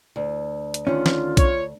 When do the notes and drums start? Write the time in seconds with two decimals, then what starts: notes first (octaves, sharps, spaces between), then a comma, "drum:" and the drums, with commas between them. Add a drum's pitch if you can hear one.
0.16 D2
0.74 drum: hi-hat
0.87 D3 D#3 C#4 F4
1.06 drum: snare
1.37 C#5, drum: kick B1, hi-hat